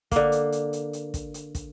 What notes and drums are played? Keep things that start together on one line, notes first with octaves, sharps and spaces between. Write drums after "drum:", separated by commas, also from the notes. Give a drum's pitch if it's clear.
D3 A#3, drum: kick, hi-hat
drum: hi-hat
drum: hi-hat
drum: hi-hat
drum: hi-hat
drum: kick, hi-hat
drum: hi-hat
drum: kick, hi-hat